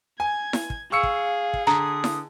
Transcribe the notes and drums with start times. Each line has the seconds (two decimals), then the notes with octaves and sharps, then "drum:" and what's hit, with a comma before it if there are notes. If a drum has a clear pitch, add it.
0.20 G#5 G#6
0.53 drum: snare E4
0.70 drum: kick
0.92 G#4 F5 C#6 E6 C#7
1.03 drum: kick
1.54 drum: kick
1.67 D3 A#5 D#6
2.04 drum: snare E4